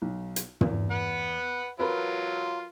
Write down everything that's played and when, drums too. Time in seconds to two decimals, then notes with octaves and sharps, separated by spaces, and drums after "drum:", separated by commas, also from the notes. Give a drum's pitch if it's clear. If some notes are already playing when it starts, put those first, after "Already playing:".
0.02 B1
0.36 drum: hi-hat
0.61 E2, drum: tom
0.91 B4 F#5
1.79 F#3 F4 A#4 B4